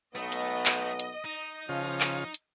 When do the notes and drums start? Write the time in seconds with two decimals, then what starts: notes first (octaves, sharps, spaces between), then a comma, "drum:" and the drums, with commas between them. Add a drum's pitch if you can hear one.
0.15 B1 A3 B3 D#5
0.32 drum: hi-hat
0.66 drum: clap
0.99 drum: hi-hat
1.25 D#4
1.69 C#3 F3 F4
2.01 drum: clap
2.34 drum: hi-hat